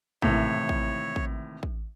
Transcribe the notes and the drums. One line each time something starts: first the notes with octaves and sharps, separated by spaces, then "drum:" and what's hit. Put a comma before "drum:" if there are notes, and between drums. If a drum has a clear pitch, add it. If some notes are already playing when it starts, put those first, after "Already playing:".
G#1 A2 C3 E3 C#5, drum: kick
drum: kick
drum: kick
drum: kick